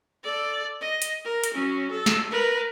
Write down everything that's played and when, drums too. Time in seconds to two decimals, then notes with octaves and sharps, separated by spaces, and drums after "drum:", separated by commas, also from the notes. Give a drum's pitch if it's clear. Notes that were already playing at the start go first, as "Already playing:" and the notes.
0.24 A4 D5
0.81 D#5
1.02 drum: hi-hat
1.25 A#4
1.44 drum: hi-hat
1.54 F#3 C#4
1.91 A4
2.06 drum: snare
2.31 A#4 B4